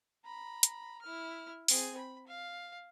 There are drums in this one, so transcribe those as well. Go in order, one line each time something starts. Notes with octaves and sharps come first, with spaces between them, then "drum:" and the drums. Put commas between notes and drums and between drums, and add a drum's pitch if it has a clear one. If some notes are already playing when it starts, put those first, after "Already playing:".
A#5 B5
drum: hi-hat
E4 F6
C4 G#4, drum: open hi-hat
B5
F5